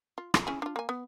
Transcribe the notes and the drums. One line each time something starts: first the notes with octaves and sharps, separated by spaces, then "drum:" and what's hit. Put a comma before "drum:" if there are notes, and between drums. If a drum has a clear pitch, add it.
F4
F4, drum: rim click
C#4 E4 G#4
D4 F4
A#3 G#5
B3